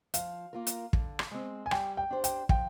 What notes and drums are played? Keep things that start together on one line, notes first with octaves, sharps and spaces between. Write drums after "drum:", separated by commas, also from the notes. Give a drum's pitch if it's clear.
F3 F5, drum: hi-hat
A#3 F4 A#4
drum: hi-hat
D3, drum: kick
drum: rim click
G#3 C4
G#5
G3 G5, drum: rim click
G5
D4 G4 C5
G5, drum: hi-hat
F3 G5, drum: kick